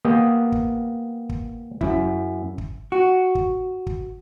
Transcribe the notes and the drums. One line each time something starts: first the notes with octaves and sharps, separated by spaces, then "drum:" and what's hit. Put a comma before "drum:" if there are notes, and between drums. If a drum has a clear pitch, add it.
A#3 B3 G4 D#5 G5
drum: kick
drum: kick
F#2 E4, drum: kick
drum: kick
F#4
drum: kick
drum: kick